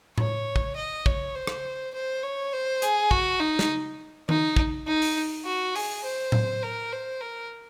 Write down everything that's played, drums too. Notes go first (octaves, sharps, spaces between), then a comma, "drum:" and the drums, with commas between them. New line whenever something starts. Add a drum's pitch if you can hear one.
C#5, drum: tom A2
drum: kick
D#5
C#5, drum: kick
C5
drum: rim click
C5
C#5
C5
G#4, drum: hi-hat
F#4, drum: kick
D#4
drum: snare
D#4, drum: tom D#3
drum: kick
D#4
drum: open hi-hat
F#4
G#4, drum: open hi-hat
C5
drum: tom A2
A#4
C5
A#4